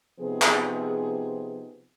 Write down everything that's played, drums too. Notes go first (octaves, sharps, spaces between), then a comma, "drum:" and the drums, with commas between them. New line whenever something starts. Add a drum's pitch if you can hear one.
C3 F3 B3 D#4 G#4
drum: clap